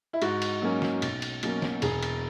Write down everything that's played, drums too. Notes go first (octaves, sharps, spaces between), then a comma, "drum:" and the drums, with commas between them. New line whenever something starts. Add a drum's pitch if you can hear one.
E4
G#2 F#4, drum: cymbal
drum: cymbal
F#3 A#3 C#4
drum: snare
B1, drum: cymbal
drum: cymbal
B2 F#3 A#3 C#4, drum: cymbal
drum: snare
E1 G#4, drum: cymbal
drum: cymbal